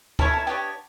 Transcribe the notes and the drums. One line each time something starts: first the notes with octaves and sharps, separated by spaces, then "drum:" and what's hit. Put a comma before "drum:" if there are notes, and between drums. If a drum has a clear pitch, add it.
C#4 E4 A4 C#5 A5, drum: kick
A5
B3 D4 G4 C#5 G5